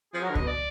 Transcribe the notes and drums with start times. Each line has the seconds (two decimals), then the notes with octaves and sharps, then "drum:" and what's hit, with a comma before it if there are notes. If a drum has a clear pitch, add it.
0.13 F3 G#4
0.22 F#3
0.25 A#4
0.30 D3
0.35 B2 D#5, drum: kick C#2
0.46 D5